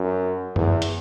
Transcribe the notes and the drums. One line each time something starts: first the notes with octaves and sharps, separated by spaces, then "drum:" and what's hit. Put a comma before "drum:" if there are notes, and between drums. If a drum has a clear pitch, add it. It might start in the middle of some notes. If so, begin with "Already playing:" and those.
Already playing: F#2
E2, drum: tom F#2
drum: hi-hat